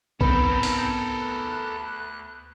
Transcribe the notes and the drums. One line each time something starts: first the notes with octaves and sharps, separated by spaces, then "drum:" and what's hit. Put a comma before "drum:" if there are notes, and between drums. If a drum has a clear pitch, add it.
G#2 B3 C4 D#4 A4 A#4 B5, drum: kick B1
drum: open hi-hat
D2 F#6